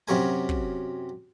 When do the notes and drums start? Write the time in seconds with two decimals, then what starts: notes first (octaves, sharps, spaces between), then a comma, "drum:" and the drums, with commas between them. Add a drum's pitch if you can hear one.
0.08 F#2 C3 F#3 A#4 G#5
0.49 drum: kick